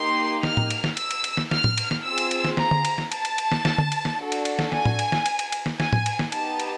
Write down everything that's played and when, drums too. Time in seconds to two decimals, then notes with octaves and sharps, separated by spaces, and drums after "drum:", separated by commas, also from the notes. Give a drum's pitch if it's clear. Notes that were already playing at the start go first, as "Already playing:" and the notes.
Already playing: A#3 D#4 G4 C6
0.43 F6, drum: snare
0.57 drum: tom A2
0.70 drum: cymbal
0.84 drum: snare
0.97 E6, drum: cymbal
1.11 drum: cymbal
1.24 drum: cymbal
1.37 drum: snare
1.51 F6, drum: snare
1.64 drum: tom A2
1.78 drum: cymbal
1.91 drum: snare
2.04 C4 F4 G#4 E6
2.18 drum: cymbal
2.31 drum: cymbal
2.44 drum: snare
2.57 A#5, drum: snare
2.71 drum: tom D3
2.85 drum: cymbal
2.98 drum: snare
3.12 A5, drum: cymbal
3.25 drum: cymbal
3.38 drum: cymbal
3.52 drum: snare
3.65 drum: snare
3.78 drum: tom D3
3.92 drum: cymbal
4.05 drum: snare
4.19 D4 F#4 A4
4.32 drum: cymbal
4.45 drum: cymbal
4.59 drum: snare
4.72 G#5, drum: snare
4.85 drum: tom A2
4.99 drum: cymbal
5.12 drum: snare
5.26 drum: cymbal
5.39 drum: cymbal
5.52 drum: cymbal
5.66 drum: snare
5.80 G#5, drum: snare
5.93 drum: tom A2
6.06 drum: cymbal
6.19 drum: snare
6.32 B3 D#4 G4 A5, drum: cymbal
6.60 drum: cymbal